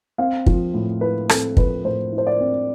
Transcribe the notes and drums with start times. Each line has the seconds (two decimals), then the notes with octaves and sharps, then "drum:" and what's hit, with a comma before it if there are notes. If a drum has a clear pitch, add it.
0.18 C4 F5
0.46 F3, drum: kick
0.74 A2
1.01 E4 B4
1.29 C4 A4, drum: rim click
1.57 F3 B4, drum: kick
1.85 A2 C5
2.12 E4
2.18 C5
2.27 D5
2.40 C4